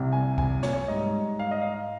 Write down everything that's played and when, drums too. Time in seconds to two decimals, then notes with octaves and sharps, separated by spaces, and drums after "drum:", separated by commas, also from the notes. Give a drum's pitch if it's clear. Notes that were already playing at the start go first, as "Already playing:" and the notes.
Already playing: C2 C3 G3
0.12 G#5
0.38 G#5, drum: kick C2
0.63 C#5, drum: snare
0.88 G#2 G3 D#5
1.39 F5
1.51 D#5
1.62 F5